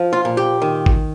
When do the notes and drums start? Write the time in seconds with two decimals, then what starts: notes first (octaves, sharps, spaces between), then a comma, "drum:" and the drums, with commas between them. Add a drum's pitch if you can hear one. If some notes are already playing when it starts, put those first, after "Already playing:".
Already playing: F3
0.13 F4
0.25 A#2
0.37 G4
0.62 D#3
0.86 drum: kick G#1